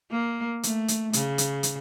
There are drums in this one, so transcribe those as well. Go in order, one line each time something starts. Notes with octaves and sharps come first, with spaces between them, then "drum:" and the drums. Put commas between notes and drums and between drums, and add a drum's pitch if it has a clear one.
A#3
A3, drum: hi-hat
drum: hi-hat
C#3, drum: hi-hat
drum: hi-hat
drum: hi-hat